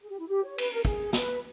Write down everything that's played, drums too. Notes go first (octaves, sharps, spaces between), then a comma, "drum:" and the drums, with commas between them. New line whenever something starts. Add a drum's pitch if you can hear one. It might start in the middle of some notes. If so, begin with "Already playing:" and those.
G#4
G4
E4
G4
C#5
B4, drum: cymbal
A#4
G#4, drum: kick
B4, drum: snare